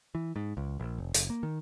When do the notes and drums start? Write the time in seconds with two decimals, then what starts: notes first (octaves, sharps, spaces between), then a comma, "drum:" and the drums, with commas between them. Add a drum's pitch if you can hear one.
0.15 E3
0.36 G#2
0.57 C#2
0.80 A#1
0.98 F1
1.14 F#1, drum: hi-hat
1.30 A#3
1.43 D#3